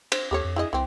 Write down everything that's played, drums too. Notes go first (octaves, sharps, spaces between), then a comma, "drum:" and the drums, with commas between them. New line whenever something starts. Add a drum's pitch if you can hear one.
C5, drum: cymbal
D#2 G4 A4 C#5
F2
E4 G#4 D#5
C2 E3 C4